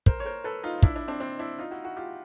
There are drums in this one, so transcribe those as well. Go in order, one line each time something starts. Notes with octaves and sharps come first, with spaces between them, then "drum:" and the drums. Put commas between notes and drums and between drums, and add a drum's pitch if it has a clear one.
A#4 C5, drum: kick
C#5
A#4 C5
A4 B4
D#4 F4
D4 E4, drum: kick
D4 E4
C4 D4
C4 D4
D4 E4
D#4 F4
E4 F#4
E4 F#4
F4 G4